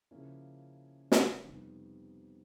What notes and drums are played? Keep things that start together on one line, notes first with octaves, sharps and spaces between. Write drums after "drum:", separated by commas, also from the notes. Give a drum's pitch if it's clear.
C#3 F3 A#3 C#4 E4
drum: snare
F2 C3 D#3 G3 B3